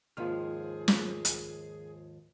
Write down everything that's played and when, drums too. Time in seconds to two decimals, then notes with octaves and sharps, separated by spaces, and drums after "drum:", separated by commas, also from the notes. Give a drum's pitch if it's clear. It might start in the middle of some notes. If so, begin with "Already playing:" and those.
0.17 D#2 G#2 F3 F4 G#4 F6
0.88 drum: snare
1.25 drum: hi-hat